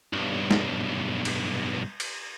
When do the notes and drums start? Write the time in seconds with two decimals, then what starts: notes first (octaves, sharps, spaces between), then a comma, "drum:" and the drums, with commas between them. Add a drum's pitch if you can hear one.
0.13 B1 G2
0.51 drum: snare
1.25 drum: cymbal
2.00 drum: cymbal